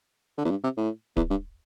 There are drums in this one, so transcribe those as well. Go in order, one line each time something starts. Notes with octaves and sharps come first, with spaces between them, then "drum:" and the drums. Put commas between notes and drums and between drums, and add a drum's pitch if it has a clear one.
D3
E2
G2
C3
A2
E2, drum: kick D1
G2